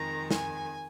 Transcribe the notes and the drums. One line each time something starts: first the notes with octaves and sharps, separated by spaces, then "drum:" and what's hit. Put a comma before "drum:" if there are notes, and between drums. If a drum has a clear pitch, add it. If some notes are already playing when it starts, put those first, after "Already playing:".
Already playing: F2 D#3 G#3 A#5
G#5, drum: snare